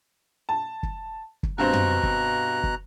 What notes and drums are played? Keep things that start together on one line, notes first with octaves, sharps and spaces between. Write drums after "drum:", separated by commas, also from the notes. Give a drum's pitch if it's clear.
A5
drum: kick
drum: kick
G2 B2 C4 C5 A#5 F#6
drum: tom
drum: kick
drum: kick